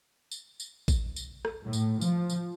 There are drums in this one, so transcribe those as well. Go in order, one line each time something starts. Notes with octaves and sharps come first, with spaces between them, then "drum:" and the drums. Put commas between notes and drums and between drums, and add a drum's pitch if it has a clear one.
drum: tambourine
drum: tambourine
drum: kick A1, tambourine
drum: tambourine
drum: rim click
A2
drum: tambourine
F3, drum: tambourine
drum: tambourine